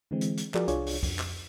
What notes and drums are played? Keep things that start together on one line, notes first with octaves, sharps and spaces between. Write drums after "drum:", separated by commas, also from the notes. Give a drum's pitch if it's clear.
D3 E3 G#3 C4
drum: hi-hat
drum: hi-hat
F3 F#4 G#4 A#4 D5, drum: clap
C2 D4 F4 G#4 C#5 D5, drum: hi-hat
drum: open hi-hat
F2, drum: kick, open hi-hat
drum: clap